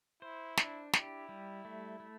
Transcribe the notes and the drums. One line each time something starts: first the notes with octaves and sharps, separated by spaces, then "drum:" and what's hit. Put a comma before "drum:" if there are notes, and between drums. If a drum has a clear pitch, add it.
E4 C5
D4, drum: snare
E4 G4, drum: snare
G3
A3
A3